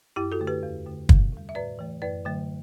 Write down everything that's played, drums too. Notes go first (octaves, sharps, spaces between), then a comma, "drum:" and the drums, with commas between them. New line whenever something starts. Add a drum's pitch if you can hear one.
F#2 E4 G4
F#4 A4
D3 A3
G4 B4
E2
D3 A3
E2, drum: kick
C3 G3
E5
A2 B4 D5
E3 A3
F#2 B4 D5
D3 F#3 A3